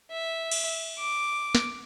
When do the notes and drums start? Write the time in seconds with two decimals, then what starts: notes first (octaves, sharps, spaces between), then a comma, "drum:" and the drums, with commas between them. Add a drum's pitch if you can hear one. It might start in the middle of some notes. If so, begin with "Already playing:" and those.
0.11 E5
0.51 drum: cymbal
0.98 D6
1.55 drum: snare